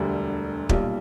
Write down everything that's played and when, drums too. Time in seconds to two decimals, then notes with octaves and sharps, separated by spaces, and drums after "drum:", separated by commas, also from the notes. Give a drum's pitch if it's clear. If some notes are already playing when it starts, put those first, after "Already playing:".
Already playing: E1 D2 D3 G3
0.69 B1 A#2 G3, drum: kick